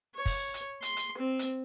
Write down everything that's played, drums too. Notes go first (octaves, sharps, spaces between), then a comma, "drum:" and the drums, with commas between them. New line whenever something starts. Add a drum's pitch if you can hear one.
C#5
drum: kick, open hi-hat
drum: hi-hat
C6, drum: hi-hat
drum: hi-hat
C4
drum: hi-hat